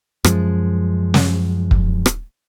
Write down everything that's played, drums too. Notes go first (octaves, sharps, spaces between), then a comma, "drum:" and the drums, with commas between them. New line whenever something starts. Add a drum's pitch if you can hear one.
F#2 F3 G#3, drum: rim click
drum: snare
drum: kick
drum: rim click